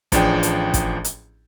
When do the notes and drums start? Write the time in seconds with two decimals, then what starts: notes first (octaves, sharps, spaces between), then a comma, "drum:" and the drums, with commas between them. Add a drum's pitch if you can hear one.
0.12 A1 F3 D4 G#4 G5, drum: kick, hi-hat
0.43 drum: hi-hat
0.74 drum: kick, hi-hat
1.04 drum: hi-hat